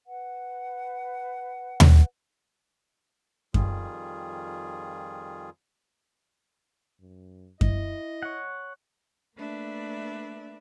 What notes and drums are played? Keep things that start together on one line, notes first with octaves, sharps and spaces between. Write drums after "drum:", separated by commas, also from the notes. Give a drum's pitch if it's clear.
B4 F#5
drum: tom D#2
F2 D#3 G3 F4 G#4, drum: kick F#2
F#2
E4 D#5, drum: kick F#2
C#5 F#5
A3 A#3 D4 B4 D5 E5